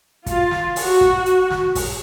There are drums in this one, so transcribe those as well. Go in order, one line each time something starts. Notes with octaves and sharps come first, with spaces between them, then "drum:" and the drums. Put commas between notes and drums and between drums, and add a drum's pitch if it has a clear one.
F4, drum: kick, hi-hat
drum: snare
F#4, drum: open hi-hat
drum: kick
drum: hi-hat
drum: snare
drum: kick, open hi-hat